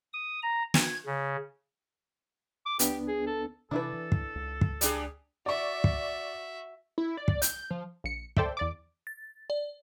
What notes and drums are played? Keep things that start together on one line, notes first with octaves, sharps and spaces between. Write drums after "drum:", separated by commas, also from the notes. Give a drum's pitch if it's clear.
D#6
A#5
G#6, drum: snare
C#3
D6
C#2 B3 D4 G4, drum: hi-hat
G#4
A4
C3 E3 D4 E4 A4 B4
E3
drum: kick
C#2
drum: kick
G3 D4 G#4, drum: hi-hat
F#4 D5 E5 C#6
drum: kick
E4
D5
drum: kick
G6, drum: hi-hat
F3
A#1 C#7
A4 C5 D5 E5 G5, drum: kick
E2 D5 D6
A6
D5